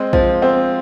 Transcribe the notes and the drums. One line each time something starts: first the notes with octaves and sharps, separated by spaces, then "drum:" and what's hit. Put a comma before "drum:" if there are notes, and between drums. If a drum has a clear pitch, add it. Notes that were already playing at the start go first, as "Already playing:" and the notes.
Already playing: G#3 C4
F3, drum: kick
C4